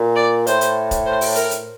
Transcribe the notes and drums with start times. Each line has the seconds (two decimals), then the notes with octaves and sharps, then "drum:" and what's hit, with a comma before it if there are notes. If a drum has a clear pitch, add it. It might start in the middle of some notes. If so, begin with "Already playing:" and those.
Already playing: A#2
0.16 D5
0.47 A2 C5, drum: hi-hat
0.61 drum: hi-hat
0.91 drum: kick C#1, hi-hat
1.06 C5
1.21 drum: open hi-hat
1.35 A#4, drum: hi-hat
1.51 drum: hi-hat